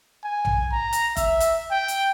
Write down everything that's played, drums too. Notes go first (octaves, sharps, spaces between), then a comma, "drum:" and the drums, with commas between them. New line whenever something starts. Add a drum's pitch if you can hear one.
G#5
drum: tom A#1
A#5
drum: hi-hat
E5, drum: kick F#1, hi-hat
drum: hi-hat
G5
drum: hi-hat